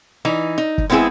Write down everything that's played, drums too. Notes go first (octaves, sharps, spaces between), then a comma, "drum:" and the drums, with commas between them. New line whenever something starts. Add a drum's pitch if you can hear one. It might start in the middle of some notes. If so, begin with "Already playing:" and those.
E3 D#4
D#4
drum: kick
G#3 B3 C4 E4 G#4